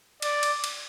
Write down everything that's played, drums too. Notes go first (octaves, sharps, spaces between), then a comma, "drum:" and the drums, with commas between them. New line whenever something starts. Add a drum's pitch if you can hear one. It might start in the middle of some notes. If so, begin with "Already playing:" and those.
D5, drum: cymbal
drum: cymbal
drum: cymbal